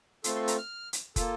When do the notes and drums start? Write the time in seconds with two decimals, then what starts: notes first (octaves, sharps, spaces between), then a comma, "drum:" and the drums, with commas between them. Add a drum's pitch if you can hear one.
0.24 A3 C4 F4 A4 C6, drum: hi-hat
0.35 C6
0.48 A#5, drum: hi-hat
0.58 F6
0.93 drum: hi-hat
1.16 A#3 F4 A4, drum: kick, hi-hat